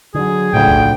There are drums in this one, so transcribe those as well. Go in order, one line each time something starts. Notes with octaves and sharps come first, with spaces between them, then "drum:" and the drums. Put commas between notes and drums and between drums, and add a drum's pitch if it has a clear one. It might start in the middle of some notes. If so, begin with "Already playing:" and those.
D3 F#3 G#4
D2 A2 C#3 F3 G5
drum: kick B1